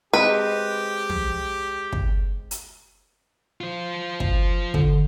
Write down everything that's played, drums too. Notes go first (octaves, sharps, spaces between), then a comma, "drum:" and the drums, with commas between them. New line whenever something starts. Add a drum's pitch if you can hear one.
G#3 C4 G4 B4
drum: tom
drum: kick
drum: hi-hat
F4 C5
drum: kick
D3, drum: kick